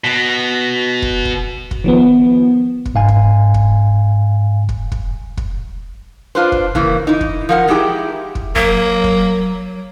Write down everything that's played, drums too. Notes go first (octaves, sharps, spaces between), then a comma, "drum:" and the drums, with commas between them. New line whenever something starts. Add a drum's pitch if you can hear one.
B2
drum: kick
drum: kick
drum: kick
D#3 F3 B3
drum: kick
G#2 F5 G#5
drum: kick
drum: kick
drum: kick
drum: kick
drum: kick
D4 F4 B4 C5
drum: kick
C#3 E3 A#3, drum: kick
D#4 E4
drum: kick
F3 A#4 F#5
G#3 D#4 E4 G4 G#4 G5
drum: kick
F#3 A#3, drum: kick
drum: kick